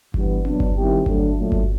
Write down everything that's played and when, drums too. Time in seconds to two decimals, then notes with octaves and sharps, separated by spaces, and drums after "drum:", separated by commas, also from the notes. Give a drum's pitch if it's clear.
0.14 G2 E3 G3 B3, drum: kick G1
0.45 B2 F#3 B3 D4, drum: tom C4
0.60 drum: kick G1
0.75 D#3 G3 C4 E4 G4
1.06 D3 F#3 A3 D4, drum: kick G1
1.37 A#2 F#3 A3 D4
1.52 drum: kick G1